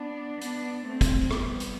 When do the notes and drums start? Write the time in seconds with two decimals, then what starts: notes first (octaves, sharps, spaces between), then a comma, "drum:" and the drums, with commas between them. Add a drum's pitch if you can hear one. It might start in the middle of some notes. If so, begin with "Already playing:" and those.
Already playing: B3 D4
0.41 B3 D4, drum: hi-hat
0.86 A3 C4
1.01 drum: kick, hi-hat
1.31 G3 B3, drum: rim click
1.60 drum: hi-hat